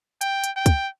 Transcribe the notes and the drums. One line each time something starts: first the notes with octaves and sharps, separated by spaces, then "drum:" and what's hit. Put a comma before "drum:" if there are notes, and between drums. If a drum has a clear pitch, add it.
G5, drum: hi-hat
drum: hi-hat
G5
drum: kick, hi-hat